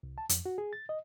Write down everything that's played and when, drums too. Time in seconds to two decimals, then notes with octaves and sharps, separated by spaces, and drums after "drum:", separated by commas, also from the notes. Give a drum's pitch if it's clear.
0.03 C2
0.18 A5
0.29 F2, drum: hi-hat
0.46 F#4
0.58 G#4
0.73 A6
0.89 D#5